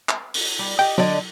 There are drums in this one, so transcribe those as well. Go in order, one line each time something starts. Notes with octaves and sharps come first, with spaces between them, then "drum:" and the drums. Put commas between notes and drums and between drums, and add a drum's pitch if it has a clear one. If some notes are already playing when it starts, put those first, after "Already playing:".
drum: clap
drum: open hi-hat
G3
G4 D#5 G5
D3 F#3 D5 D#5